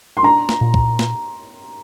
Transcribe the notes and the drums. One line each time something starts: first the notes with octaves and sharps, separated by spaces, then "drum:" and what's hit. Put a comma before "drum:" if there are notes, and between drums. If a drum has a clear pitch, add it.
C6
D4 A#5
drum: snare
A#2
drum: kick
drum: snare